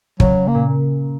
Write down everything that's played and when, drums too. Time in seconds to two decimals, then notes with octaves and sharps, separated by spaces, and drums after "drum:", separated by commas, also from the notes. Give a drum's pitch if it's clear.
0.20 C#3 F#3, drum: kick
0.48 A#3
0.55 A#2